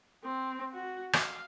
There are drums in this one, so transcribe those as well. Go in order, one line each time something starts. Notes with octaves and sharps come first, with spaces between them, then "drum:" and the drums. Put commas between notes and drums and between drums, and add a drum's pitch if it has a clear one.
C4
F#4
F5, drum: rim click